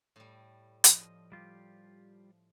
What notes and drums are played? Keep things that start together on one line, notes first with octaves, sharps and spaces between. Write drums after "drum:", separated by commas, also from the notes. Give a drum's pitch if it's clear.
A2 G3
F3 D#5, drum: hi-hat
G3 F4 G4